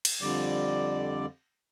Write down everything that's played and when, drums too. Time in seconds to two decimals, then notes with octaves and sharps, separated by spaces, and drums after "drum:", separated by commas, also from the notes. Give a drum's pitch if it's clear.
0.05 drum: cymbal
0.22 F2 D3 G3 D5